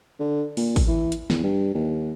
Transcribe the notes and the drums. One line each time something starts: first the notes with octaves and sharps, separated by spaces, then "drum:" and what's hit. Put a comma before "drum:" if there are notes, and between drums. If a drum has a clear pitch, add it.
D3
A#2, drum: open hi-hat
drum: kick, open hi-hat
E3
drum: hi-hat
E2, drum: snare
G2
D#2